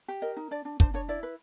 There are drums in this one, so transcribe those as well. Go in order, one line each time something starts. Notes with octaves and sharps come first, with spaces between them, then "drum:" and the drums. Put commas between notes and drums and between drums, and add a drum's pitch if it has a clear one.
G4
A#4 D#5
D#4
D4 D5
D4
D4 C5, drum: kick
D4 C#5
E4 D5
B4